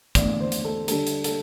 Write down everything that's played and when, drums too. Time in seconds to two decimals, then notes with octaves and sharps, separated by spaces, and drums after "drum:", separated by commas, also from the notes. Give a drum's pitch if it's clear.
0.15 E2 D3 A3 D5, drum: kick, hi-hat
0.40 C5
0.52 drum: hi-hat
0.64 A4
0.88 D3 G3 D4 A4, drum: hi-hat
1.07 drum: hi-hat
1.24 A4, drum: hi-hat